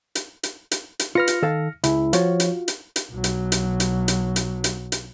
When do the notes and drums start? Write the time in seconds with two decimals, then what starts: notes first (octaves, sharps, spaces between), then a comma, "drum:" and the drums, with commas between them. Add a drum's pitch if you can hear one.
0.15 drum: hi-hat
0.43 drum: hi-hat
0.71 drum: hi-hat
0.99 drum: hi-hat
1.15 F4 B4 F6 A#6 C#7
1.27 drum: hi-hat
1.42 D#3 A4 F5
1.84 C#2 E4, drum: hi-hat
2.13 F3 F4 F#4 C#5, drum: hi-hat
2.40 drum: hi-hat
2.68 drum: hi-hat
2.96 drum: hi-hat
3.12 B1 F#3
3.24 drum: hi-hat
3.52 drum: hi-hat
3.80 drum: hi-hat
4.08 drum: hi-hat
4.36 drum: hi-hat
4.64 drum: hi-hat
4.92 drum: hi-hat